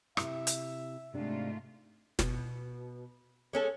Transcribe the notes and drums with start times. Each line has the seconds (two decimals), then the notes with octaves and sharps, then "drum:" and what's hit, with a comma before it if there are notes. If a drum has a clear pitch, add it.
0.17 C3 E4 E5, drum: rim click
0.47 drum: hi-hat
1.14 G#2 C3 A3 D4 F4
2.19 B2, drum: snare
3.53 G#3 C#4 A4